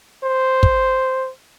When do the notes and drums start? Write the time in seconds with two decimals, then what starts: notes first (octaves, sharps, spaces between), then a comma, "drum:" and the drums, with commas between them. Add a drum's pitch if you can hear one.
0.24 C5
0.63 drum: kick